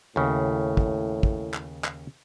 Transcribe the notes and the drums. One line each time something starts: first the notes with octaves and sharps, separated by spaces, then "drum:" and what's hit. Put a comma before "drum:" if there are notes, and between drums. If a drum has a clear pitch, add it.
D#2 A2 C#3
drum: kick
drum: kick
drum: clap
drum: clap